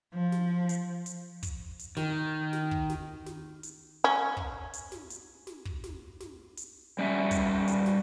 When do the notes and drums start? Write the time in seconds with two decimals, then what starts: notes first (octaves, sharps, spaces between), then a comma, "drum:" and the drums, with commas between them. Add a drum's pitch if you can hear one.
0.14 F3
0.32 drum: snare
0.69 drum: hi-hat
1.06 drum: hi-hat
1.43 drum: kick, hi-hat
1.79 drum: hi-hat
1.97 D#3, drum: snare
2.53 drum: snare
2.71 drum: kick
2.90 drum: snare
3.26 drum: snare
3.63 drum: hi-hat
4.04 C#4
4.37 drum: kick
4.73 drum: hi-hat
4.92 drum: snare
5.10 drum: hi-hat
5.47 drum: snare
5.65 drum: kick
5.84 drum: snare
6.21 drum: snare
6.57 drum: hi-hat
6.99 G3 C#4 E5
7.31 drum: kick, hi-hat
7.68 drum: hi-hat
7.86 drum: snare